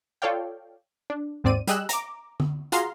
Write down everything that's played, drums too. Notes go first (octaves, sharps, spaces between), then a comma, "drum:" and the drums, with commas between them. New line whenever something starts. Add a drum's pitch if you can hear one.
F4 A4 C#5 D5 F5 G5
D4
D#2 G#2 C4 D5 D#7
G3 G4 G#4 D#5 E6 F#6, drum: hi-hat
A#5 D6, drum: hi-hat
drum: tom D3
F4 F#4 G#4 F5 A#5 C6, drum: hi-hat